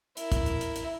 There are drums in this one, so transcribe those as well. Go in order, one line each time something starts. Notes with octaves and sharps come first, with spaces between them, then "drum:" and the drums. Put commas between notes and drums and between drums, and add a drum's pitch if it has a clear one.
E4 A#4, drum: hi-hat
drum: kick, hi-hat
drum: hi-hat
drum: hi-hat
drum: hi-hat